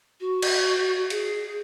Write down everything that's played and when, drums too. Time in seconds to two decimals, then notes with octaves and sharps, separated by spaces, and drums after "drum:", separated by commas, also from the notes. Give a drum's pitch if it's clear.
0.20 F#4
0.42 drum: cymbal
1.10 G#4, drum: hi-hat